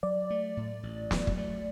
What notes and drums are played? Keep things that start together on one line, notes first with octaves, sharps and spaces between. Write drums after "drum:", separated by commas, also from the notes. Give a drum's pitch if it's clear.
F#3 D5
A3
A2
A1
F#3, drum: snare
drum: kick
A3